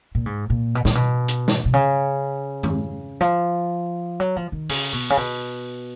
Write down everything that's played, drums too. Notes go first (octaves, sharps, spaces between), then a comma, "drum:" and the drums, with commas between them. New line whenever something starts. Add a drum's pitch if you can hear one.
A#2
G#2
A#2
B2
A#2, drum: snare
B2
drum: hi-hat
drum: snare
B2
C#3
drum: tom
F3
F#3
F3
D#3
C#3, drum: open hi-hat
B2
C#3
B2